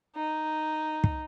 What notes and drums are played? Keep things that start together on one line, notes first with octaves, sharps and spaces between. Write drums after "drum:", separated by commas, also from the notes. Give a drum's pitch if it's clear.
D#4
drum: kick